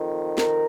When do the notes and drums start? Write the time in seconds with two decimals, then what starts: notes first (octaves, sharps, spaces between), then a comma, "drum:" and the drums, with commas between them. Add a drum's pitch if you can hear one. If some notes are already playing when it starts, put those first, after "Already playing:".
Already playing: F2 D#3
0.38 A#4, drum: snare